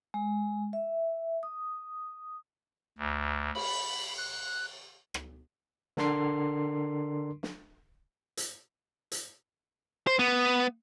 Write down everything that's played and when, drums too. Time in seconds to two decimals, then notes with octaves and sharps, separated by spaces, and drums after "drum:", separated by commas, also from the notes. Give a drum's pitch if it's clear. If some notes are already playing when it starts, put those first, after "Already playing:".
0.14 G#3
0.73 E5
1.43 D#6
2.98 D2
3.55 B5, drum: cymbal
4.18 F#6
5.14 drum: rim click
5.97 D3 D4 A#4 C6 C7, drum: snare
7.43 drum: snare
8.37 drum: hi-hat
9.12 drum: hi-hat
10.07 C5
10.19 B3